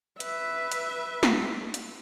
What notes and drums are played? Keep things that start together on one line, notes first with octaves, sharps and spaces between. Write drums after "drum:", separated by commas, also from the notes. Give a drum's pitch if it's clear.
B4 E5, drum: hi-hat
drum: hi-hat
drum: snare
drum: hi-hat